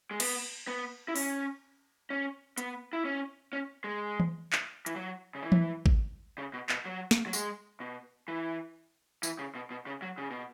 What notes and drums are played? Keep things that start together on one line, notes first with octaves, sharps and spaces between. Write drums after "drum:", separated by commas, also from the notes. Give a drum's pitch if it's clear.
G#3
B3, drum: cymbal
B3
E4
C#4, drum: open hi-hat
C#4
B3, drum: hi-hat
E4
C#4
C#4
G#3
drum: tom E3
drum: clap
E3, drum: hi-hat
F#3
C#3
E3
drum: tom E3
drum: kick G#1
C#3
B2
B2, drum: clap
F#3
drum: snare
F#3
G#3, drum: tambourine
B2
E3
E3, drum: tambourine
C#3
B2
B2
C#3
F#3
C#3
B2